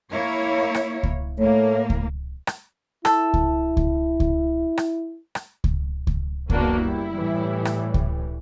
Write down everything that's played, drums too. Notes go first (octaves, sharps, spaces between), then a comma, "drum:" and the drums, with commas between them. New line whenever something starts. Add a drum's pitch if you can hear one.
A#3 E4 C#5
drum: rim click
drum: kick C#2
A2 A3 A#3 C#5
drum: kick C#2
drum: rim click
E4 A4, drum: rim click
drum: kick C#2
drum: kick C#2
drum: kick C#2
drum: rim click
drum: rim click
drum: kick C#2
drum: kick C#2
F#1 D#3 A#3 B3 D4 F#4, drum: kick C#2
G3 E4
A2 E3 G3
drum: rim click
drum: kick C#2